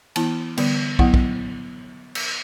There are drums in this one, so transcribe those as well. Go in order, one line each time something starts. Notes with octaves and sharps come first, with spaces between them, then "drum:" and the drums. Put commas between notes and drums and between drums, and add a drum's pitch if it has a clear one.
E3 B3 E4 A5, drum: cymbal
D3 G3 B3, drum: cymbal
F#3 B3 E4 F#5, drum: kick
drum: kick
drum: cymbal